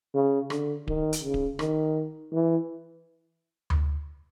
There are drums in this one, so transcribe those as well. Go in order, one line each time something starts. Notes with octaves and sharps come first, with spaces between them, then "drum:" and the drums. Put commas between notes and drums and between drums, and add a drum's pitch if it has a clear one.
C#3
D3, drum: rim click
D#3, drum: kick D1
drum: hi-hat
C#3
drum: kick D1
D#3, drum: rim click
E3
drum: tom D2